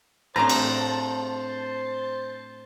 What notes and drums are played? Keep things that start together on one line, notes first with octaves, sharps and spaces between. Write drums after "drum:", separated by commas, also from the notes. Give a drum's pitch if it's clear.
A2 C4 D4 C5 A5 A#5
drum: cymbal